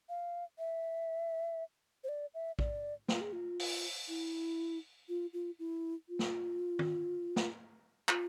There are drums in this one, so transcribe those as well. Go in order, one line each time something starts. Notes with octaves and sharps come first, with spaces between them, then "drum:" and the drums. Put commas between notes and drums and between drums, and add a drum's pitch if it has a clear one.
F5
E5
C5
D5
E5
D5, drum: kick A#1
F4, drum: snare
G#4
F4
drum: open hi-hat
E4
F4
F4
E4
F4
drum: snare
drum: tom D#3
drum: snare
F4, drum: clap